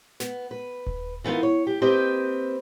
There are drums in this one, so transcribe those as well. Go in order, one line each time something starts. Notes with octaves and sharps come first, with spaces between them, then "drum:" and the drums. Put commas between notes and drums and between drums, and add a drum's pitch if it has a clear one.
B3, drum: snare
B4
drum: kick D#1
E3 B3 D#4 F4 A#4
C#5
G4
A#3 C4 G4 B4 C5 D#5